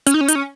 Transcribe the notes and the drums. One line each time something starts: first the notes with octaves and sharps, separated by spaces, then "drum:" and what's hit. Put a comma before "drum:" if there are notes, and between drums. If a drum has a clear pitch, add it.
C#4, drum: hi-hat
D#4
C#4
D#4, drum: hi-hat
C#4